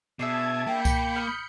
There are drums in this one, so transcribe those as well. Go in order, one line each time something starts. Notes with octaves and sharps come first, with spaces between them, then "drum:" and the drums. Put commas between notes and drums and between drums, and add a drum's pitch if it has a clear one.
B2 D4 G#4 E5 A5 G#6
A#3 G5 B5 G6 C#7
drum: kick C2, tambourine
D#6 F6